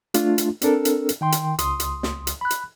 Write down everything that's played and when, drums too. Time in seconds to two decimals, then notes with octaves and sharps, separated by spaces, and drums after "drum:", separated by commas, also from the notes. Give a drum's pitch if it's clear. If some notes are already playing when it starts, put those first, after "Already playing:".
0.14 A3 D4 F4, drum: hi-hat
0.38 drum: hi-hat
0.62 C4 D4 A4 A#4, drum: hi-hat
0.85 drum: hi-hat
1.09 drum: hi-hat
1.21 D#3 G5 C6
1.32 drum: hi-hat
1.59 C#2 C6 D#6, drum: hi-hat
1.80 drum: hi-hat
2.03 drum: snare
2.27 drum: hi-hat
2.41 B5 F#6
2.50 drum: hi-hat